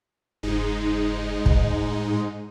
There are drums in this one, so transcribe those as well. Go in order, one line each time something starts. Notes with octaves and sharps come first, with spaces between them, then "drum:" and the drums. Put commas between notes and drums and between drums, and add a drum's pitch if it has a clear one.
F#1 G#2 G#3 D#4
A2, drum: kick